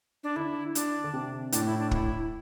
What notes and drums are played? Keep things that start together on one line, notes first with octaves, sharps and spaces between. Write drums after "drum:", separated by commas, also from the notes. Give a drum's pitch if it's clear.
D4
D3 E4
D4, drum: hi-hat
D3
C3
A2 D4, drum: hi-hat
E4
D4
E4, drum: kick